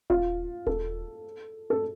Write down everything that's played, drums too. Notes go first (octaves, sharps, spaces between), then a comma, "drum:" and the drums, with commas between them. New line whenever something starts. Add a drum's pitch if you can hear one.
F4, drum: kick D#1
A4, drum: kick D#1
A4